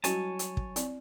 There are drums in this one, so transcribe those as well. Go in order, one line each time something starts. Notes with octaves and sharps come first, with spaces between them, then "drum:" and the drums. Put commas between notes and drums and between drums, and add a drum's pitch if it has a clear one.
F#3 G3 C#4 E4 C#5 G#5 A5, drum: hi-hat
drum: hi-hat
drum: kick
C4 E4 D5, drum: hi-hat